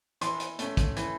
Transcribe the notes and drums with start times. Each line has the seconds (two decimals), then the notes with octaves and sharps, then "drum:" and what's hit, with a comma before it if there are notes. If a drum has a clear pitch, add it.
0.21 E3 C6, drum: hi-hat
0.40 drum: hi-hat
0.59 A3 C#4, drum: hi-hat
0.77 drum: kick, hi-hat
0.96 E3, drum: hi-hat